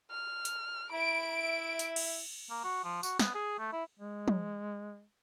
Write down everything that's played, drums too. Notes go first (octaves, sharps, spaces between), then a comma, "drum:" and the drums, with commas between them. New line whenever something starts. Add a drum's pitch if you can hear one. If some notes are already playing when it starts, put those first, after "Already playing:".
F6
drum: hi-hat
E4 B5 D7
E5
drum: hi-hat
drum: cymbal
A#3
F#4
F3
F#4, drum: tambourine
B3, drum: snare
G#4
A3
E4
G#3
drum: tom